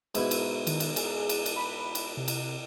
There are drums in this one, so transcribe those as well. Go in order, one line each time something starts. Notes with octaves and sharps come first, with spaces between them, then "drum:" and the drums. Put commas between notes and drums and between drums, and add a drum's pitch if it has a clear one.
G#2 B2 E4 E5, drum: cymbal
drum: cymbal
D#3, drum: cymbal
drum: cymbal
G#4, drum: cymbal
drum: cymbal
drum: cymbal
B5
drum: cymbal
C3
drum: cymbal